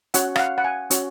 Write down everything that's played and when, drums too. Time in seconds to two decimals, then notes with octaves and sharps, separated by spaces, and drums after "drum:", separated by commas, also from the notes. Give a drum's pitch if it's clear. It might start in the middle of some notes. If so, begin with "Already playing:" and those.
0.14 C#4 F#4 C#5 F#5, drum: hi-hat
0.36 F5, drum: rim click
0.39 F#5
0.58 F#5
0.64 G#5
0.90 C#4 F#4 C#5, drum: hi-hat